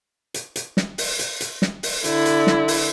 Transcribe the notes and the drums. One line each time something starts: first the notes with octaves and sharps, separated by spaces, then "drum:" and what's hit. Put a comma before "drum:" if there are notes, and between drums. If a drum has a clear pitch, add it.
drum: hi-hat
drum: hi-hat
drum: snare
drum: open hi-hat
drum: hi-hat
drum: hi-hat
drum: snare
drum: open hi-hat
D3 E4, drum: hi-hat
drum: hi-hat
drum: snare
drum: open hi-hat